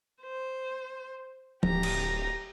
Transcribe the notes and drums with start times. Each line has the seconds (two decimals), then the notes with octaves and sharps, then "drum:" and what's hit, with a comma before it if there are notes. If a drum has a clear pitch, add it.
0.22 C5
1.63 D1 G4 A#5, drum: tom F3
1.83 drum: cymbal